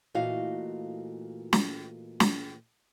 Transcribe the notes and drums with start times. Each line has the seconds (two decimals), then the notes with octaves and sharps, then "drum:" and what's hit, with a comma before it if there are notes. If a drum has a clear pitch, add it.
0.14 A#2 E3 A3 F#4 D#5 F5
1.53 drum: snare
2.20 drum: snare